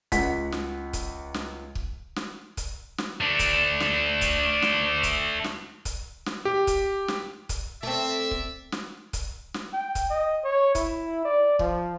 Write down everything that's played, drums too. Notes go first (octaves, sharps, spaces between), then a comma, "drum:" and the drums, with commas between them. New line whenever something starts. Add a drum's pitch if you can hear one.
C#2 F#5 B6, drum: kick C#1, hi-hat
drum: snare
drum: kick C#1, hi-hat
drum: snare
drum: kick C#1
drum: snare
drum: kick C#1, hi-hat
drum: snare
A3 D4
drum: kick C#1, hi-hat
drum: snare
drum: kick C#1, hi-hat
drum: snare
drum: kick C#1, hi-hat
drum: snare
drum: kick C#1, hi-hat
drum: snare
G4
drum: kick C#1, hi-hat
drum: snare
drum: kick C#1, hi-hat
A3 C4 D5 E5
drum: kick C#1
drum: snare
drum: kick C#1, hi-hat
drum: snare
G5
drum: kick C#1, hi-hat
D#5
C#5
E4, drum: kick C#1, hi-hat
D5
F3, drum: kick C#1